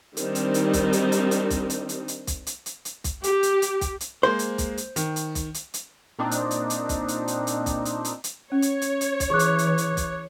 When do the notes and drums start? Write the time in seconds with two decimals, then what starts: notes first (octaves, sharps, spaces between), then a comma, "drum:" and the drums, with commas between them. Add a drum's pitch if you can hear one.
0.17 D#3 G3 C4 D4 D#4, drum: hi-hat
0.35 drum: hi-hat
0.54 drum: hi-hat
0.73 drum: kick, hi-hat
0.93 drum: hi-hat
1.12 drum: hi-hat
1.31 drum: hi-hat
1.50 drum: kick, hi-hat
1.70 drum: hi-hat
1.89 drum: hi-hat
2.08 drum: hi-hat
2.27 drum: kick, hi-hat
2.47 drum: hi-hat
2.66 drum: hi-hat
2.85 drum: hi-hat
3.04 drum: kick, hi-hat
3.24 G4, drum: hi-hat
3.43 drum: hi-hat
3.62 drum: hi-hat
3.81 drum: kick, hi-hat
4.00 drum: hi-hat
4.23 G#3 A#3 C5
4.39 drum: hi-hat
4.58 drum: kick, hi-hat
4.77 drum: hi-hat
4.96 D#3, drum: hi-hat
5.16 drum: hi-hat
5.35 drum: kick, hi-hat
5.54 drum: hi-hat
5.74 drum: hi-hat
6.19 A#2 C4 D4 D#4
6.31 drum: hi-hat
6.51 drum: hi-hat
6.70 drum: hi-hat
6.89 drum: kick, hi-hat
7.08 drum: hi-hat
7.28 drum: hi-hat
7.47 drum: hi-hat
7.66 drum: kick, hi-hat
7.85 drum: hi-hat
8.05 drum: hi-hat
8.24 drum: hi-hat
8.52 C#4 C#5
8.62 drum: hi-hat
8.82 drum: hi-hat
9.01 drum: hi-hat
9.20 drum: kick, hi-hat
9.30 E3 G4 G#4 C#6 D6 F#6
9.39 drum: hi-hat
9.58 drum: hi-hat
9.78 drum: hi-hat
9.97 drum: kick, hi-hat